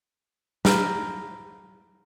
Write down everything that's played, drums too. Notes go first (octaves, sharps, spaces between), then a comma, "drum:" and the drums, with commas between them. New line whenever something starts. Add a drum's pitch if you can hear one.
A#5 B5 F6 G6, drum: snare